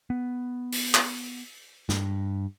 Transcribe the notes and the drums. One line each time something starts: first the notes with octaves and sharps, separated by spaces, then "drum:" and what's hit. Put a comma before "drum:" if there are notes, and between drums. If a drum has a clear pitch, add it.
B3
drum: open hi-hat
drum: clap
G2, drum: snare